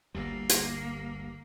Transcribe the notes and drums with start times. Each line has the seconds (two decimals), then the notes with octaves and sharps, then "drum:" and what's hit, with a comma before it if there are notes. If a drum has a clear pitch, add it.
0.15 G1 D2 G3 A#3
0.49 drum: hi-hat